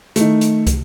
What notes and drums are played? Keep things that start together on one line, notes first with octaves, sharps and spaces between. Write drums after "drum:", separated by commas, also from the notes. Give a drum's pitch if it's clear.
D#3 A3, drum: hi-hat
drum: hi-hat
drum: kick, hi-hat